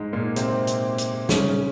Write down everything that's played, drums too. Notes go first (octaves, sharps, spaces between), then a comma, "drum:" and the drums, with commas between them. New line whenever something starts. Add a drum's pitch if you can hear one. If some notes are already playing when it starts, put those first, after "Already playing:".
Already playing: G#2 G#3
A#2 A#3
C3 C4, drum: hi-hat
drum: hi-hat
drum: hi-hat
C#3 C#4, drum: snare